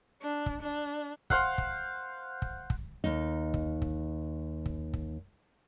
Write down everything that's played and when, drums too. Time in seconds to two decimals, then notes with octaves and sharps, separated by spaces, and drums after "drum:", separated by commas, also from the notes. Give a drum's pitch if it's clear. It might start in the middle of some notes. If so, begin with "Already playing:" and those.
0.22 D4
0.46 drum: kick
0.62 D4
1.30 C5 F5 F#5, drum: kick
1.58 drum: kick
2.42 drum: kick
2.70 drum: kick
3.04 D#2 D#4
3.54 drum: kick
3.82 drum: kick
4.66 drum: kick
4.94 drum: kick